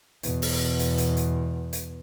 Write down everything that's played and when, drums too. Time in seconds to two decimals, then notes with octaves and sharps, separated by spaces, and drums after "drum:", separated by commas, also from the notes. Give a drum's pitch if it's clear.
0.23 E2 B2, drum: hi-hat
0.42 drum: open hi-hat
0.79 drum: hi-hat
0.98 drum: hi-hat
1.17 drum: hi-hat
1.73 drum: hi-hat